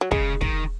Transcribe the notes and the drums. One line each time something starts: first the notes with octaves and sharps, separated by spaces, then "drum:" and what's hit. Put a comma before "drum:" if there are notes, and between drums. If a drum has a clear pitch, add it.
F#3
C#3 G#3, drum: kick
D#3, drum: kick